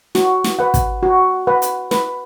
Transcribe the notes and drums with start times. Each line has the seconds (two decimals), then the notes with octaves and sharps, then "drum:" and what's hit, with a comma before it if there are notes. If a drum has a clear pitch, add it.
0.15 F#4, drum: snare
0.44 drum: snare
0.59 B4 F#5
0.74 drum: kick, hi-hat
1.03 F#4
1.47 B4 F#5
1.62 drum: hi-hat
1.91 B4, drum: snare